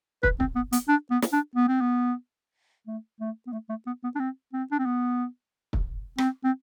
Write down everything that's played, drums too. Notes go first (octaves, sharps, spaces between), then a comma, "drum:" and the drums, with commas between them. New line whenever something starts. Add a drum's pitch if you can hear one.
B4, drum: kick
C4, drum: kick
B3
B3, drum: hi-hat
D4
B3
drum: snare
D4
B3
C4
B3
A3
A3
B3
A3
A3
B3
B3
D4
C4
C4
D4
C4
B3
drum: kick
C4, drum: rim click
C4